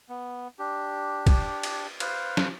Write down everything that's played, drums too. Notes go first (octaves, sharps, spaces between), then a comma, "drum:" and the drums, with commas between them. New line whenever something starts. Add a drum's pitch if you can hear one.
B3
D4 G4
drum: kick, cymbal
drum: cymbal
B4 C5 F5, drum: cymbal
drum: snare